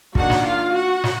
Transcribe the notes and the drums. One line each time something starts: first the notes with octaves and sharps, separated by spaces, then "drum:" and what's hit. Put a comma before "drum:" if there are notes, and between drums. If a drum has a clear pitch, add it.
D#3 A#3 D4 F#4 F#5, drum: kick
drum: snare
F4 F5
F#4 F#5
drum: snare